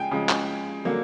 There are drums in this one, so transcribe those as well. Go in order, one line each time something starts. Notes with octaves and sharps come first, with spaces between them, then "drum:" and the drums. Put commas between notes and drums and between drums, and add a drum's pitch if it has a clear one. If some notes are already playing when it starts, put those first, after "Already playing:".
Already playing: C#3 F3 G#3 G5 G#5
C#3 F3 G#3
drum: clap
D3 F#3 A#3